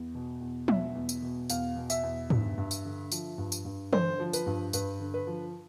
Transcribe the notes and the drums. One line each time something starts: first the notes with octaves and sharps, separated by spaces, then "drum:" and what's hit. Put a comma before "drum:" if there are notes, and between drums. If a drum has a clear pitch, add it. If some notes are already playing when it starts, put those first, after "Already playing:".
Already playing: E2
B2
E2
B2 E5, drum: tom
E2
drum: tambourine
B2
E2 F5, drum: tambourine
B2
E5, drum: tambourine
E2
G2, drum: tom G#2
G2
drum: tambourine
D3
F3, drum: tambourine
G2
drum: tambourine
G2
D3 C5, drum: tom E3
F3
B4, drum: tambourine
G2
G2 B4, drum: tambourine
D3
B4
F3